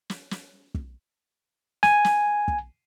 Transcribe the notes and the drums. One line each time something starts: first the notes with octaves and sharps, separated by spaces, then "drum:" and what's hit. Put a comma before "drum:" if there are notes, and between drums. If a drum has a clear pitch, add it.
drum: snare
drum: snare
drum: kick
G#5, drum: snare
drum: snare
drum: kick